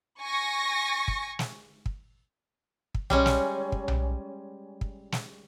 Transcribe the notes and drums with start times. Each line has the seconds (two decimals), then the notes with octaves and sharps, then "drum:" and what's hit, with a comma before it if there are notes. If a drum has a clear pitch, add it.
0.21 G#5 C#6 A#6
1.08 drum: kick
1.39 drum: snare
1.86 drum: kick
2.95 drum: kick
3.10 G3 G#3 C#4, drum: tom B1
3.26 drum: snare
3.72 drum: kick
3.88 drum: tom B1
4.81 drum: kick
5.12 drum: snare